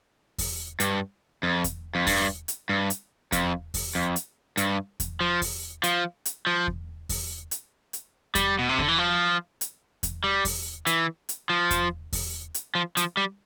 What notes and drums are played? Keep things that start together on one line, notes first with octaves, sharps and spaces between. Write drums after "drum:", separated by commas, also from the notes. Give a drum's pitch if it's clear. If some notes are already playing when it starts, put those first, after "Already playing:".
drum: kick E2, open hi-hat
G2, drum: hi-hat
F2
drum: kick E2, hi-hat
F2
G2, drum: kick E2, open hi-hat
drum: hi-hat
G2
drum: hi-hat
F2, drum: kick E2, hi-hat
drum: kick E2, open hi-hat
F2
drum: hi-hat
G2, drum: hi-hat
drum: kick E2, hi-hat
F3
drum: kick E2, open hi-hat
F3, drum: hi-hat
drum: hi-hat
F3
drum: kick E2
drum: kick E2, open hi-hat
drum: hi-hat
drum: hi-hat
G3, drum: kick E2, hi-hat
B2
C3
D3, drum: kick E2
E3
F3
drum: hi-hat
drum: kick E2, hi-hat
G3
drum: kick E2, open hi-hat
E3, drum: hi-hat
drum: hi-hat
F3
drum: kick E2, hi-hat
drum: kick E2, open hi-hat
drum: hi-hat
F3
F3, drum: hi-hat
G3